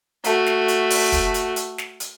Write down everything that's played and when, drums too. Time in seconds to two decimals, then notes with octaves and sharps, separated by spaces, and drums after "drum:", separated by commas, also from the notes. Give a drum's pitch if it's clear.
0.24 A3 F#4, drum: hi-hat
0.46 drum: snare
0.68 drum: hi-hat
0.90 drum: open hi-hat
1.12 drum: kick, hi-hat
1.34 drum: hi-hat
1.56 drum: hi-hat
1.78 drum: snare
2.00 drum: hi-hat